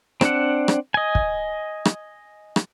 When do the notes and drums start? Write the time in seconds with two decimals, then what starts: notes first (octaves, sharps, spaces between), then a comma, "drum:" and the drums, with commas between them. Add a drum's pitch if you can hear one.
0.21 C4 D4 F#5, drum: rim click
0.68 drum: rim click
0.94 D#5 G#5
1.15 drum: kick
1.85 drum: rim click
2.56 drum: rim click